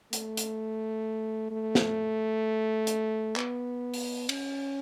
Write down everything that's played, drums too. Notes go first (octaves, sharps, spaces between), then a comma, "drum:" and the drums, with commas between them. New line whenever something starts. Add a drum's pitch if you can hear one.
A3, drum: hi-hat
drum: hi-hat
A3
drum: snare
drum: hi-hat
B3, drum: clap
drum: open hi-hat
C#4, drum: cymbal